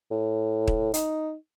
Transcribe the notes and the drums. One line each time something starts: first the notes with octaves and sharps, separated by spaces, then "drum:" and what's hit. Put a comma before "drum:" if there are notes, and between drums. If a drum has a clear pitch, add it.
A2
drum: kick
D#4, drum: hi-hat